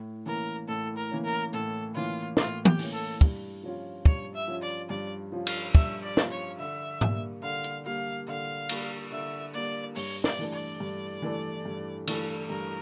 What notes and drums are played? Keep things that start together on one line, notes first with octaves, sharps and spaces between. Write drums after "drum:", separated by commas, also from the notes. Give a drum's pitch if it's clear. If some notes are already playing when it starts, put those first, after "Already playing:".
Already playing: A2
E3 A#3 C#4 A#4
A2 A4
A#4
E3 A#3 C#4
A#4
A2 A4
E3 A#3 C#4 F4
A2 F4, drum: snare
G4, drum: tom
E3 A#3 C#4, drum: open hi-hat
A4
G2, drum: kick
F3 C#4 F4
G2 C#5, drum: kick
E5
F3 C#4 F4
D5
G2 D5
F3 C#4 F4
F5, drum: cymbal
G2 E5, drum: kick
D5
F3 C#4 F4, drum: snare
C#5
D3 E5
G3 A#3, drum: tom G#2
D3 F5
drum: hi-hat
G3 A#3 F5
D3 F5
G3 A#3, drum: cymbal
D3 E5
G3 A#3 D5
G2 C#5, drum: open hi-hat
D5, drum: snare
E3 A3 D4 A4
D5
G2
E3 A3 D4 A4
G2
E3 A3 D4 A4, drum: cymbal
G2 A#4